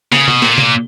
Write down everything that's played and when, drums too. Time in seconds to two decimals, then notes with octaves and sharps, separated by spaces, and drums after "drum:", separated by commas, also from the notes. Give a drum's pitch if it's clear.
0.12 C#3, drum: snare
0.28 B2, drum: tom C3
0.42 A#2, drum: snare
0.58 drum: tom C3